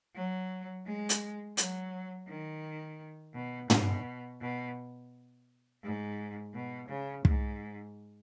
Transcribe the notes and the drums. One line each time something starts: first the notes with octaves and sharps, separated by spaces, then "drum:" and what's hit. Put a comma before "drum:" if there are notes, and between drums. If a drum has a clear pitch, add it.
F#3
G#3
drum: hi-hat
F#3, drum: hi-hat
D#3
B2
B2, drum: tom
B2
G#2
B2
C#3
G#2, drum: kick